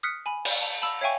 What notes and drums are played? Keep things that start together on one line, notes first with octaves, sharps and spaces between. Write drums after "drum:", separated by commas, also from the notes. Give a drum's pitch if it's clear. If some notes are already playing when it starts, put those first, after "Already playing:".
D#6 F6 F#6 B6 C#7
G#5 B5
drum: cymbal
A5
A5 B5 E6
C#5 E5 F5 G5 G#5 C#6